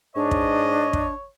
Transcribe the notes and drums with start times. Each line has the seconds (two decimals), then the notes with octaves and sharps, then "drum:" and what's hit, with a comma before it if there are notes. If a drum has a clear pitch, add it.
0.16 G#2 D4 C#5 D#5
0.31 drum: kick
0.93 drum: kick